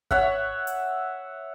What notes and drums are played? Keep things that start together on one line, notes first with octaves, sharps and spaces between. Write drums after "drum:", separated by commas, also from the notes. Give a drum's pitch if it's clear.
C#5 E5 F#5, drum: kick G#1
drum: hi-hat